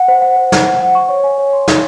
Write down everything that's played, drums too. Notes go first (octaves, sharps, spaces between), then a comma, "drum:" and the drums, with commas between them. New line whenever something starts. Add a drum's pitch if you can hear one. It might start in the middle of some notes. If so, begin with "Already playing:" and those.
Already playing: F#5
C5
F#5
C5
F#5, drum: snare
F#5
F#5
C#6
C#5
G#5
C#5
C6
F5, drum: snare